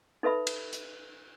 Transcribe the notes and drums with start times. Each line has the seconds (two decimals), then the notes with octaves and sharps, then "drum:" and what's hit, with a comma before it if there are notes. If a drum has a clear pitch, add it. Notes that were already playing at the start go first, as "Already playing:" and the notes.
0.23 D#4 A4 B4 E5 B5
0.47 drum: cymbal
0.73 drum: hi-hat